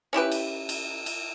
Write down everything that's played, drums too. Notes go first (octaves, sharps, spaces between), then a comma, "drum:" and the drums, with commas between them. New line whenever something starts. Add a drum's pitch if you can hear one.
C#4 E4 G4 B4
drum: cymbal
drum: cymbal
drum: cymbal